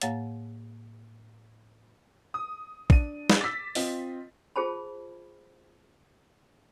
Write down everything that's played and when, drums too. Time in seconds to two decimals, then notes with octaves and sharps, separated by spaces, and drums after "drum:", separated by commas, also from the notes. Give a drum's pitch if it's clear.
0.02 A2 A#3 C#5 F5 F#5 A6, drum: hi-hat
2.34 D#6
2.90 D4 D#7, drum: kick
3.30 drum: snare
3.41 D6 E6 A6 B6
3.75 C4 F4 D#5, drum: open hi-hat
4.56 F4 G#4 C5 A5 B5